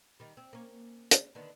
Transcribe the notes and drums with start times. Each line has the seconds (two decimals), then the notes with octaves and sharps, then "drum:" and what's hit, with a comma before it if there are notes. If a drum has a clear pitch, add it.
0.20 D#3 G3
0.37 C4
0.53 A#3 C#4
1.11 drum: hi-hat
1.35 D3 D#3 B3